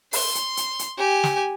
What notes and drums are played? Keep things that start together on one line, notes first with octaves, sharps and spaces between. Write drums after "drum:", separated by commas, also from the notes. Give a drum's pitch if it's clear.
C6, drum: open hi-hat
drum: hi-hat
drum: hi-hat
drum: hi-hat
G4 G#5
drum: snare